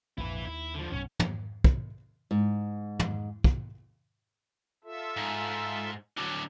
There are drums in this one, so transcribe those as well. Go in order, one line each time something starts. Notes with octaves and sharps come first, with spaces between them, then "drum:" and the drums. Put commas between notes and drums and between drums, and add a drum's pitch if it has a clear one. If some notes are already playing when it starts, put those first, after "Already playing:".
A#1 F2 G#2 E4 B4
D#2 E4
D3 F3
B1 G2 A#2 C#4
drum: tom
drum: kick
G#2
drum: tom
drum: kick
F4 A4 E5
G#2
D3 F#3